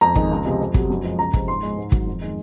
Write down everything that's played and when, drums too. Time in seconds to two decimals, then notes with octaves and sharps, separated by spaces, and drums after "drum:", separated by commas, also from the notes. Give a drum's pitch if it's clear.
0.01 F2 A#5
0.16 D#3 G#3, drum: kick
0.31 C#2
0.45 C3 F3 G#3
0.60 F2
0.74 C3 F#3, drum: kick
0.90 F#2
1.04 F3 G#3
1.19 C#2 A#5
1.34 C3 F3 G#3, drum: kick
1.48 G#2 C6
1.63 F3 G#3
1.77 G#2
1.92 D#3 F#3, drum: kick
2.07 F2
2.21 D#3 G#3